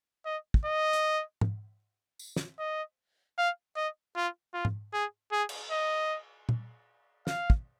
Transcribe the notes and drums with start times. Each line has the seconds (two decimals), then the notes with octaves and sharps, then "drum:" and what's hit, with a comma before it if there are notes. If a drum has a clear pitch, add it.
0.25 D#5
0.54 drum: kick
0.65 D#5
0.93 drum: hi-hat
1.41 drum: tom G#2
2.19 drum: tambourine
2.36 drum: snare
2.59 D#5
3.38 F5
3.76 D#5
4.16 F4
4.54 F4
4.65 drum: tom G#2
4.93 G#4
5.32 G#4
5.49 drum: cymbal
5.72 D#5
6.49 drum: tom A#2
7.27 F5, drum: snare
7.50 drum: kick